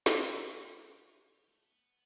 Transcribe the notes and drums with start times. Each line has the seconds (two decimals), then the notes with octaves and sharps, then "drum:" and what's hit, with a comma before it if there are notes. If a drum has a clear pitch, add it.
0.06 drum: snare
0.21 A#3
0.52 F#5
0.94 F4
1.14 G#5
1.33 G4
1.48 A3
1.65 B3